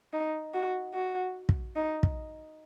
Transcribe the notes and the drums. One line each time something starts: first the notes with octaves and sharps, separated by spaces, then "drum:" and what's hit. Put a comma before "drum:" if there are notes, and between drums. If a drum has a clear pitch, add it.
D#4
F#4
F#4
drum: kick
D#4
drum: kick